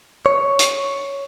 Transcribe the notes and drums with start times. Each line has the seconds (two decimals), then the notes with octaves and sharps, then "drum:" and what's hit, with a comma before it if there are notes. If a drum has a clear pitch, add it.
0.26 C#5
0.59 drum: hi-hat